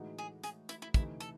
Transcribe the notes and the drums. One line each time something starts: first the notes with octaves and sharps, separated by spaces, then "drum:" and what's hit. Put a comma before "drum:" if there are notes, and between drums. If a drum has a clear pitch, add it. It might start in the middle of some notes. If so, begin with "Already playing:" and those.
Already playing: A2 E3 G#3 D#4 F#4
G#4
G#4, drum: hi-hat
E4, drum: hi-hat
E4
C3 E3 A3 D#4 E4, drum: kick, hi-hat
A4, drum: hi-hat